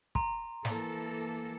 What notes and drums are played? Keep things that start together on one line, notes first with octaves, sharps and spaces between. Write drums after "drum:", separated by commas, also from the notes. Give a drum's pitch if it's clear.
A#5 C6, drum: kick
E3 A#3 A4, drum: snare